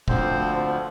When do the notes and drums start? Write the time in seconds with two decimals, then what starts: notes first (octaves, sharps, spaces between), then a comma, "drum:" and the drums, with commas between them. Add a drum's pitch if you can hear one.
0.08 D2 D3 F3 C4 C5, drum: kick